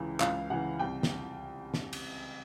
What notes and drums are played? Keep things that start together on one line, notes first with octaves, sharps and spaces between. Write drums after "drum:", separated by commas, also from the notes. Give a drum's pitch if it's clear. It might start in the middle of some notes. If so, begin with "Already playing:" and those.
Already playing: C#2 C#3 E3
C#2 F5, drum: clap
C#3 E3 F#5
C2 G5
drum: snare
drum: snare
drum: cymbal